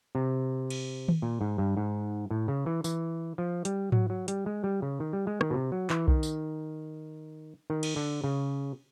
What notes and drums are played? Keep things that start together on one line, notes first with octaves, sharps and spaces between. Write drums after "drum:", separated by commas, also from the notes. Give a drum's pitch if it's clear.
C3
drum: cymbal
drum: tom D#3
A#2
G#2
G2
G#2
A2
C#3
E3
E3, drum: tambourine
F3
G3, drum: hi-hat
F#3, drum: tom G#2
F#3
G3, drum: hi-hat
G#3
G3
C#3
D#3
G3
G#3
D#3, drum: rim click
B2
C3
F#3
E3, drum: clap
D#3, drum: kick B1
drum: tambourine
D#3
drum: cymbal
D3
C#3